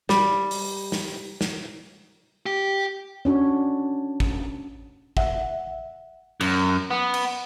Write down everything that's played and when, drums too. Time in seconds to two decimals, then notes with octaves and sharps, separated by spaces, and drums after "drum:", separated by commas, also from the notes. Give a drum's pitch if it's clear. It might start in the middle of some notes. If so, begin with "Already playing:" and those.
0.09 G3, drum: snare
0.51 drum: open hi-hat
0.92 drum: snare
1.41 drum: snare
2.46 G4
3.25 C#4 D4 F#4 C#5
4.20 drum: kick
5.17 E5 F#5, drum: kick
6.41 F#2, drum: cymbal
6.91 B3
7.14 drum: cymbal